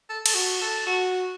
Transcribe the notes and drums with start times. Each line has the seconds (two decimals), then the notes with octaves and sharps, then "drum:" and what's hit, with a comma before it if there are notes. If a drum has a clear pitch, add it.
0.09 A4
0.26 A4, drum: cymbal
0.34 F#4
0.62 A4
0.87 F#4